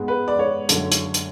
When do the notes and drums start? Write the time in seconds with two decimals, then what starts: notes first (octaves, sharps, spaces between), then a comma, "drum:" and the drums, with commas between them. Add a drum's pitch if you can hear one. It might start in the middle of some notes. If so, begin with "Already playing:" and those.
Already playing: G#2 G#3 B3
0.08 B4
0.28 D5
0.39 C#5
0.69 F#2 D3 F#3 A3, drum: hi-hat
0.92 drum: hi-hat
1.14 drum: hi-hat